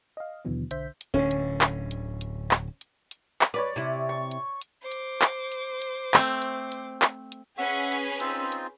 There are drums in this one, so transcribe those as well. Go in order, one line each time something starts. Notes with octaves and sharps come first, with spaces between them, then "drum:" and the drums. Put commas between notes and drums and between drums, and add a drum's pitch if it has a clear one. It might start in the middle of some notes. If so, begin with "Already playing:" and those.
D#5 F5
D#2 B2 D3 E3 F#3 B3
B1 D3 C5 E5 G6 B6, drum: hi-hat
drum: hi-hat
D1 D3 C#4
drum: hi-hat
drum: clap
drum: hi-hat
drum: hi-hat
drum: clap
drum: hi-hat
drum: hi-hat
drum: clap
B4 C#5 D5 D6
C3 E4
C#6
drum: hi-hat
drum: hi-hat
C5 D6
drum: hi-hat
drum: clap
drum: hi-hat
drum: hi-hat
A3 C4, drum: clap
drum: hi-hat
drum: hi-hat
drum: clap
drum: hi-hat
C#4 G#4 B4 E5 F#5 C#6
drum: hi-hat
C4 D#4 F4 E6, drum: hi-hat
drum: hi-hat